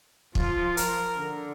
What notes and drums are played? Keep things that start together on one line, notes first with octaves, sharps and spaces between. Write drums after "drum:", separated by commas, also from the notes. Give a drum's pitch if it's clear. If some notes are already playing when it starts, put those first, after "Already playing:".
F3 F4, drum: kick
A#4, drum: hi-hat
D3